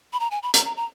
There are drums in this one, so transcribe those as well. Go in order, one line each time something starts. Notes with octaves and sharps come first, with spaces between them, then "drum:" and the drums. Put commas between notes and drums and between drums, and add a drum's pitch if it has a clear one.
B5
A#5
G#5
B5
A#5, drum: hi-hat
A#5
A#5